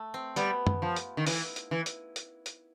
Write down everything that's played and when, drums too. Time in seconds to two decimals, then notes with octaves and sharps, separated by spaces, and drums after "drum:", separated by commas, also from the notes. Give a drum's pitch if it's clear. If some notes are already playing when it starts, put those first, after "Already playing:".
Already playing: A3
0.14 C4
0.36 G3 B3, drum: hi-hat
0.67 drum: tom
0.82 F3
0.96 drum: hi-hat
1.17 D#3
1.27 E3, drum: open hi-hat
1.56 drum: hi-hat
1.71 E3
1.86 drum: hi-hat
2.16 drum: hi-hat
2.46 drum: hi-hat